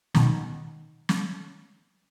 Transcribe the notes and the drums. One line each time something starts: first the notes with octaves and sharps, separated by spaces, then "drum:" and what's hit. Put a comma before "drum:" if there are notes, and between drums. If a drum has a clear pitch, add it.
B2 D#3, drum: snare
drum: snare